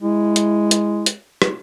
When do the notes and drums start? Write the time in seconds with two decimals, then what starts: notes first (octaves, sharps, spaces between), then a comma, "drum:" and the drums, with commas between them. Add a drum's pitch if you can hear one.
0.01 G#3 E4
0.36 drum: hi-hat
0.71 drum: hi-hat
1.06 drum: hi-hat
1.42 drum: rim click